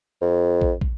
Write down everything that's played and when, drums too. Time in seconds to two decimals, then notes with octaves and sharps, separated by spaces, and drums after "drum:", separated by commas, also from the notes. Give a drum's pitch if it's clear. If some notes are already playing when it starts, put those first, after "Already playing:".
0.22 F2
0.61 drum: kick
0.81 drum: kick